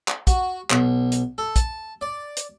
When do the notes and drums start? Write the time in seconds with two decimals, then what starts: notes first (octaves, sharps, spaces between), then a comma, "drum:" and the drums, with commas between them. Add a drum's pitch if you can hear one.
0.08 drum: clap
0.27 F#4, drum: kick, hi-hat
0.70 B1, drum: clap
1.12 drum: hi-hat
1.38 A4
1.56 A5, drum: kick, hi-hat
2.01 D5
2.37 drum: hi-hat